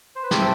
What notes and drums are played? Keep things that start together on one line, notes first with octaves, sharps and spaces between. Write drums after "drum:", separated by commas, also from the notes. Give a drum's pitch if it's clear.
C5
B4
A3 C4 G4 A4, drum: snare